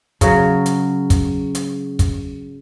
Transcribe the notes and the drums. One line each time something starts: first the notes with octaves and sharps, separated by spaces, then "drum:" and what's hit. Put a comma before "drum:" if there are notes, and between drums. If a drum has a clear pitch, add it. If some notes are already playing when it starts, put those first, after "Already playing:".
C#3 F#3, drum: kick, hi-hat
drum: hi-hat
drum: kick, hi-hat
drum: hi-hat
drum: kick, hi-hat